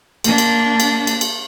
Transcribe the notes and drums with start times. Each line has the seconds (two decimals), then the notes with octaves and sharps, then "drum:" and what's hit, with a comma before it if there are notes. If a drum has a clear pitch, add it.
0.24 A#3 D4, drum: cymbal
0.38 drum: cymbal
0.80 drum: cymbal
1.07 drum: cymbal
1.21 drum: cymbal